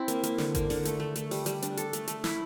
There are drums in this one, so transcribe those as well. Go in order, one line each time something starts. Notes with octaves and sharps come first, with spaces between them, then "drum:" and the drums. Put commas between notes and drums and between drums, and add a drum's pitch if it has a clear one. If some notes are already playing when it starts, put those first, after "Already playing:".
Already playing: C4 E4
A#3, drum: hi-hat
A#3, drum: hi-hat
D3, drum: snare
A#3, drum: kick G#1, hi-hat
D3, drum: open hi-hat
A3, drum: hi-hat
A3
A3, drum: hi-hat
G3, drum: open hi-hat
G3, drum: hi-hat
D4, drum: hi-hat
A4, drum: hi-hat
A3, drum: hi-hat
A3, drum: hi-hat
E4, drum: snare